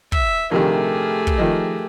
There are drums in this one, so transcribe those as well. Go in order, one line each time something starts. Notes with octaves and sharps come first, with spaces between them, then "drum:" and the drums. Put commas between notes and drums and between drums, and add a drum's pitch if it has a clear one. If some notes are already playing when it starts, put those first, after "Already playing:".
E5, drum: kick
A#1 C3 D#3 A3 G4 G#4 A#4
drum: kick
D#3 F3 D#5